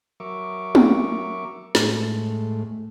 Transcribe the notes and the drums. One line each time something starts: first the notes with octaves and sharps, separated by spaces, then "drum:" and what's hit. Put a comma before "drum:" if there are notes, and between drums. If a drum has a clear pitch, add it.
F#3 A#4 E5 C#6 D6
drum: tom
A2 G#3 A3, drum: snare